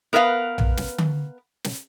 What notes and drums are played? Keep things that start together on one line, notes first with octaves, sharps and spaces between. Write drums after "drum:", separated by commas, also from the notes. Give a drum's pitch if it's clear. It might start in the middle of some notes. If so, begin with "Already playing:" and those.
B3 A#4 B4 D#5 F5
drum: tom A#1
drum: snare
drum: tom D3
drum: snare